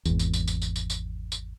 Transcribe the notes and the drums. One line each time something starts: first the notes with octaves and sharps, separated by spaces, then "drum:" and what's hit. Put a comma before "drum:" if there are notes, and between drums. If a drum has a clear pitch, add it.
G#1 E2, drum: tambourine
drum: tambourine
drum: tambourine
drum: tambourine
drum: tambourine
drum: tambourine
drum: tambourine
drum: tambourine